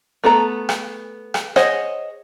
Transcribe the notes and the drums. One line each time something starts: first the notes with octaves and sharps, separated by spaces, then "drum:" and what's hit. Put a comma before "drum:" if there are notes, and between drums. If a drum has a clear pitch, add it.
A3 B3 A4 A#5
drum: rim click
drum: rim click
G#4 C5 C#5 D#5 F#5, drum: rim click